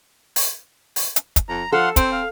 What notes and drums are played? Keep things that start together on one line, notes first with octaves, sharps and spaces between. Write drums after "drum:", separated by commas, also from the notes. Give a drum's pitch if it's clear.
drum: open hi-hat
drum: open hi-hat
drum: hi-hat
drum: kick, hi-hat
F2 A#5
F3 A4 F5 F#5 C6
C4 C5, drum: kick, hi-hat
F5